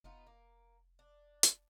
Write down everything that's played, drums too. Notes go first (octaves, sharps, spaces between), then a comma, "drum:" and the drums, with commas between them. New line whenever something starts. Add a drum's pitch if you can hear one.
F1 B3 D#4 F4
A#3
D4
drum: hi-hat